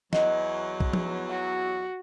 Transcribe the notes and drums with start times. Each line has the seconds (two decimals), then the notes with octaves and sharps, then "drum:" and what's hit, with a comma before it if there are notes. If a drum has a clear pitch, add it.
0.13 E2 F#3 D#5, drum: snare
0.80 drum: kick B1
0.93 drum: tom F3
1.30 F#4